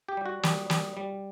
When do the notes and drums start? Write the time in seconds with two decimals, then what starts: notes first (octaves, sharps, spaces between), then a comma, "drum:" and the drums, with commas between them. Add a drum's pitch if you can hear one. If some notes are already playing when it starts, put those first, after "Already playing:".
0.09 G4
0.17 G3
0.26 F#4
0.43 G3, drum: snare
0.70 G3, drum: snare
0.97 G3